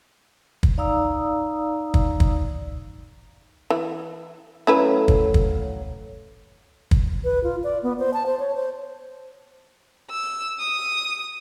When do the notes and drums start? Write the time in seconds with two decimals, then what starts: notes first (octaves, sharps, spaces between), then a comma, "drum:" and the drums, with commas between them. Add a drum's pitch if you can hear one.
0.63 drum: kick
0.77 D#4 D5 F5 A#5 D#6 E6
1.94 drum: kick
2.20 drum: kick
3.70 E3
4.67 A2 F#3 C#4 E4 B4 F5
5.08 drum: kick
5.34 drum: kick
6.91 drum: kick
7.24 B4
7.44 F4
7.64 D5
7.83 B3
7.99 C5
8.14 A5
8.26 C5
8.40 C#5
8.55 C5
10.10 E6
10.59 D#6